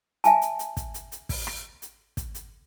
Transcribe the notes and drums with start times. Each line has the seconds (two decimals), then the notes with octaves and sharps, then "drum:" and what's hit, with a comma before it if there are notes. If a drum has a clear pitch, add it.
0.24 E5 G#5 A5, drum: hi-hat
0.42 drum: hi-hat
0.59 drum: hi-hat
0.77 drum: kick, hi-hat
0.94 drum: hi-hat
1.12 drum: hi-hat
1.29 drum: kick, open hi-hat
1.47 drum: rim click
1.82 drum: hi-hat
2.17 drum: kick, hi-hat
2.35 drum: hi-hat